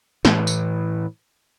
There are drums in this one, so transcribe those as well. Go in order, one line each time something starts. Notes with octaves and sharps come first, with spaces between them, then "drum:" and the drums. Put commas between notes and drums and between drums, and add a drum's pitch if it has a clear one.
A2 E3, drum: snare
drum: tambourine